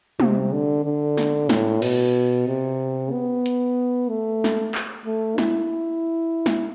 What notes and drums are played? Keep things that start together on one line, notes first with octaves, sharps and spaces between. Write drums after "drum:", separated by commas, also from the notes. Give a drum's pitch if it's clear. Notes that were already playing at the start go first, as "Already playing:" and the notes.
C3, drum: tom
D3
D3
drum: snare
A2, drum: snare
B2, drum: cymbal
C3
B3
drum: hi-hat
A3
drum: snare
drum: clap
A3
E4, drum: snare
drum: snare